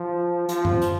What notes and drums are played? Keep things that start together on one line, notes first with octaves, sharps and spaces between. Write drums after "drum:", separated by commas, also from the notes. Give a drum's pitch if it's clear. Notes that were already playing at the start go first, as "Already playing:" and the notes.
Already playing: F3
F3, drum: hi-hat
drum: tom F#2
drum: hi-hat